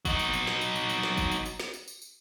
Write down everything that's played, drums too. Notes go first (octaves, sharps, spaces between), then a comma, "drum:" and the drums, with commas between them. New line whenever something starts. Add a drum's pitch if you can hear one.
F#3 D#4, drum: kick, tambourine
drum: tambourine
drum: tambourine
drum: snare
drum: tambourine
drum: tambourine
drum: tambourine
drum: snare
drum: kick, tambourine
drum: tambourine
drum: tambourine
drum: snare
drum: tambourine
drum: tambourine
drum: tambourine